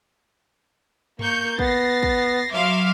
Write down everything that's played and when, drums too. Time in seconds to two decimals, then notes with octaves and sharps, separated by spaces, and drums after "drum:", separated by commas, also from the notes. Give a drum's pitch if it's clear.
1.19 A#3 C#6 G6, drum: tom G2
1.59 B3 A6 A#6 C7, drum: kick
2.03 drum: kick
2.52 F#3 E5 F5 C6 D6